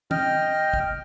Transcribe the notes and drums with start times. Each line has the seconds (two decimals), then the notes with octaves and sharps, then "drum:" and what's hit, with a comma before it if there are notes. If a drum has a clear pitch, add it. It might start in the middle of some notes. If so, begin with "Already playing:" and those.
0.11 D#5 G5 F6, drum: tom
0.74 drum: kick